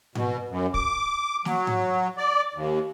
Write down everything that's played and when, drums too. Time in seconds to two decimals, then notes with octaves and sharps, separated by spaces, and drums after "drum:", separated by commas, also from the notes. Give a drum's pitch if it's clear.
0.15 B2, drum: tom G#2
0.49 F#2
0.74 D6, drum: kick
1.45 F#3, drum: snare
1.67 drum: tom G#2
2.17 D5
2.54 D#2